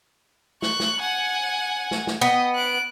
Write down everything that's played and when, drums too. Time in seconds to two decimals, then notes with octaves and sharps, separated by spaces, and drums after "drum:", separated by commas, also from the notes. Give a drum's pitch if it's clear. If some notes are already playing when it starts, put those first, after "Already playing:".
0.62 C#6 F#6, drum: snare
0.80 drum: snare
1.00 F#5 G#5
1.91 drum: snare
2.07 drum: snare
2.21 B3 D#5 G5
2.55 F#6 D7